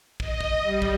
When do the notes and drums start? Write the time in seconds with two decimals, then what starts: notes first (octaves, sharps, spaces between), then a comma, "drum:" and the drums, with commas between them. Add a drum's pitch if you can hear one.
0.20 D#5, drum: kick
0.41 drum: kick
0.63 G3
0.82 drum: kick